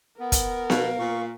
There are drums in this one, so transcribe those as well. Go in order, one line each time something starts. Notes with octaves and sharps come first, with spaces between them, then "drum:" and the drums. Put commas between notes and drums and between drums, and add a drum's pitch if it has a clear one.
B3 A#4
drum: kick, hi-hat
B2 F5, drum: snare B3
A#2 C#6